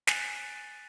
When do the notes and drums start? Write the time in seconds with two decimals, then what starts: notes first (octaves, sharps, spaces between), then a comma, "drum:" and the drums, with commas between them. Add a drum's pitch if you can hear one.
0.07 G#5 F#6 A6 B6 D#7, drum: snare